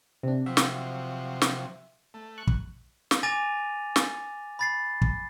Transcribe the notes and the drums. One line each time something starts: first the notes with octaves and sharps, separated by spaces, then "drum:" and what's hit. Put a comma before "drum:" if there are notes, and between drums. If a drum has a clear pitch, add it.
C3 D4
C3 F3 F#3 E5
drum: snare
drum: snare
A3
C#6 F#6
drum: kick
drum: snare
G#5 D6 A6 A#6 D#7 F7
drum: snare
B5 A6 C7
drum: kick